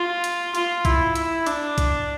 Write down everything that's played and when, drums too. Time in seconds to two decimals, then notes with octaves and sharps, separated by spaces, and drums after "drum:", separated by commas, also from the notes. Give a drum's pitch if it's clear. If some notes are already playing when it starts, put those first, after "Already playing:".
Already playing: F4
0.24 drum: hi-hat
0.55 F4, drum: hi-hat
0.85 E4, drum: kick B1, hi-hat
1.16 E4, drum: hi-hat
1.46 D4, drum: hi-hat
1.78 drum: kick B1, hi-hat